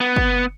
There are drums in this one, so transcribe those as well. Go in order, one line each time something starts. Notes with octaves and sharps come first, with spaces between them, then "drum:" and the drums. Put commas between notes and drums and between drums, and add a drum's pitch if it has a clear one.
B3
drum: kick